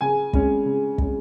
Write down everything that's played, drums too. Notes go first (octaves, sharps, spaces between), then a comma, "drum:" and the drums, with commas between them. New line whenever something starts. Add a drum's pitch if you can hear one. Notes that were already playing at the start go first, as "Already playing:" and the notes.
C#3 G#5
G#3 C#4, drum: kick
C#3
G#3 C#4, drum: kick